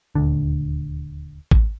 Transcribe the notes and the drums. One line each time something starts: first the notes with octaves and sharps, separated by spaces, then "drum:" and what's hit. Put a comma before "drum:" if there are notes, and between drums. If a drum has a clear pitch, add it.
D#1 D2 D3
drum: kick G#1